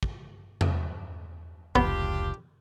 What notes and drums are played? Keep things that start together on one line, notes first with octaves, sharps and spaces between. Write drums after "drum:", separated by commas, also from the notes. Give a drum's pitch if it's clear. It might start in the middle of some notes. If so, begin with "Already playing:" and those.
drum: kick
drum: tom E2
F1 C#2 B3 D4 F4 G4, drum: kick